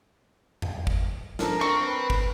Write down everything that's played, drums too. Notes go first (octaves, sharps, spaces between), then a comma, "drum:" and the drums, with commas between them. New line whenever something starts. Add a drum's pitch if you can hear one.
drum: tom E2
drum: kick
F3 D4 A4 A#4, drum: snare
C4 C#6
B4
drum: kick